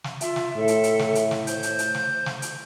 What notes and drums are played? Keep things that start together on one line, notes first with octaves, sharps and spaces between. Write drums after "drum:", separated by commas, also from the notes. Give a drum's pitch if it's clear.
drum: snare
F4 E5, drum: hi-hat
drum: snare
A2 A4 E5
drum: hi-hat
drum: hi-hat
drum: snare
drum: hi-hat
drum: snare
C5 G6, drum: hi-hat
drum: hi-hat
drum: hi-hat
drum: snare
drum: snare
drum: hi-hat